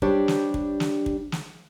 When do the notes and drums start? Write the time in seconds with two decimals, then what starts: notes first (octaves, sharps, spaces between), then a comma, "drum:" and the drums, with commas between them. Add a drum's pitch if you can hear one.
0.02 G3 D4 G4 C5 C#5, drum: kick
0.28 drum: snare
0.54 drum: kick
0.80 drum: snare
1.06 drum: kick
1.32 drum: snare